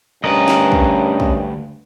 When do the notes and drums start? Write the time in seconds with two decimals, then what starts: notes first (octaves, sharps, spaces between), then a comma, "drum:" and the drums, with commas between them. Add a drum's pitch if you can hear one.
0.24 D2 G2 C#4 A#4 B4 D#5
0.48 drum: snare
0.72 drum: kick
1.20 drum: kick